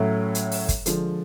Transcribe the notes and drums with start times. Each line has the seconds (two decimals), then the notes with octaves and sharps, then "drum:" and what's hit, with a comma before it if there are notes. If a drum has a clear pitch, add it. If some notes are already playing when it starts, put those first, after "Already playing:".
Already playing: A2 F#3 A3 C#4
0.35 drum: hi-hat
0.52 drum: open hi-hat
0.69 drum: kick, hi-hat
0.86 D3 F3 G#3, drum: hi-hat